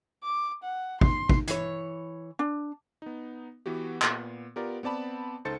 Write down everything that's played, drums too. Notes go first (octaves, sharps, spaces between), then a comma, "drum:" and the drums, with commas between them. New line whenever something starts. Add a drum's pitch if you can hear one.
D6
F#5
C6, drum: kick
drum: kick
E3 C#5, drum: hi-hat
D4
B3 D#4
E3 B3 F#4 G4
A#2 B3, drum: clap
B3 F4 G4 A#4 D5
B3 C4 D5 A5 B5
C#2 D#4 A4 C5 A6 C#7